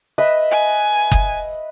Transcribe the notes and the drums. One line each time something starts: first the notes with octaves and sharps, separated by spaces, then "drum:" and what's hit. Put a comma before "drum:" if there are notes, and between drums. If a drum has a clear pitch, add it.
B4 D#5 E5
G#5
drum: kick F#1